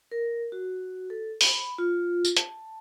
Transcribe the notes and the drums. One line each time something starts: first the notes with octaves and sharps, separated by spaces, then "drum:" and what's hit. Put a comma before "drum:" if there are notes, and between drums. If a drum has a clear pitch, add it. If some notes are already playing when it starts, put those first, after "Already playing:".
A#4
F#4
A4
B5, drum: open hi-hat
F4
drum: tambourine
A5, drum: hi-hat